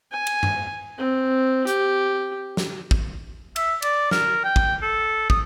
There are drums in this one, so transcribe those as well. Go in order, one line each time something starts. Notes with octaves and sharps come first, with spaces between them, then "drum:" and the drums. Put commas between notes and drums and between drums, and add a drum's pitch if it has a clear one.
G#5
drum: cymbal
drum: tom G2
C4
G4, drum: hi-hat
drum: snare
drum: kick
E5, drum: cymbal
D5, drum: cymbal
A#4, drum: snare
G5
drum: kick
A4
D#6, drum: kick